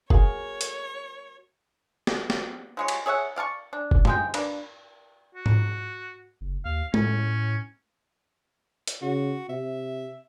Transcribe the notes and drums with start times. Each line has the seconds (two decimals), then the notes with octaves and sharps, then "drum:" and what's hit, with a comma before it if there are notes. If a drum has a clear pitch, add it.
0.10 F#4 G#4 A#4 C#5 F5 G#5, drum: kick F#1
0.61 drum: hi-hat
2.07 drum: snare
2.30 drum: snare
2.77 F3 G#3 C#5
2.88 drum: cymbal
3.06 G#4 C#5 E5 F#5
3.36 D5 F5 A5 C#6
3.73 D4
3.91 drum: kick F#1
4.05 F3 G#3 G5, drum: tom F#2
4.34 A#3 D4 B4, drum: cymbal
5.35 F#4
5.46 drum: tom G#2
6.41 F#1
6.65 D#2 F5
6.94 A2 C#4, drum: tom G#3
8.87 drum: hi-hat
9.02 C#3 F#4
9.49 C3 E5